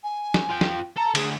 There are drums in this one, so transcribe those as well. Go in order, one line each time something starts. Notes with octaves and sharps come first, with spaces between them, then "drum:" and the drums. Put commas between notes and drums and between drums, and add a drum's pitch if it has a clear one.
G#5
drum: snare
F4 G5
drum: snare
A4 A#5
D2 G#4, drum: cymbal